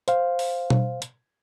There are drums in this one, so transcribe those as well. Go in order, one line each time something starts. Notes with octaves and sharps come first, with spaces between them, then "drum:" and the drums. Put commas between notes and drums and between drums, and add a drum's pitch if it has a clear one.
C5 F5, drum: hi-hat
drum: open hi-hat
drum: tom B2
drum: hi-hat